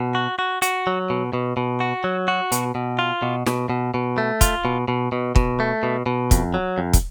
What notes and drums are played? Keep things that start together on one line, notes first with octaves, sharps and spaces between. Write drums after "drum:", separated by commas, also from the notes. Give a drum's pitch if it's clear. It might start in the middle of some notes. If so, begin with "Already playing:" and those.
Already playing: B2
F#4
F#4
F#4, drum: hi-hat
F#3
B2
B2
B2
F#4
F#3
F#4
B2, drum: hi-hat
B2
F4
B2
B2, drum: snare
B2
B2
A3
F4, drum: kick, hi-hat
B2
B2
B2
B2, drum: kick
A3
B2
B2
F2, drum: kick, hi-hat
F#3
F2
drum: kick, hi-hat